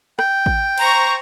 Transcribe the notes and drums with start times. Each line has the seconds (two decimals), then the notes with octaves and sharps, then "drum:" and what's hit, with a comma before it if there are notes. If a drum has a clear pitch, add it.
0.19 G5, drum: rim click
0.46 drum: kick A1
0.78 C5 A#5 C#6, drum: cymbal